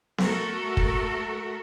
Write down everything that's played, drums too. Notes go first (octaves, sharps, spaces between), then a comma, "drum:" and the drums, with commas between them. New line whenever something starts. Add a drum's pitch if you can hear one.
A3 F#4 A4 A#4, drum: snare B3
drum: kick